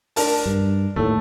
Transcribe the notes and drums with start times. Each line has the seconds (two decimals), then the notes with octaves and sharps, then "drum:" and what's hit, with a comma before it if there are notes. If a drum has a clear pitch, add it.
0.16 D4 A#4 A5, drum: open hi-hat
0.46 G2
0.96 D#2 A2 A3